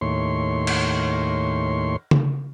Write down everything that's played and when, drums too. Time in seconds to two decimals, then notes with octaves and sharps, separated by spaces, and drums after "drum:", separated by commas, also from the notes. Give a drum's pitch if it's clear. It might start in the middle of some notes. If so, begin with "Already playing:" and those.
0.01 D#2 A2 C#5 C6
0.67 drum: cymbal
2.11 drum: tom C#3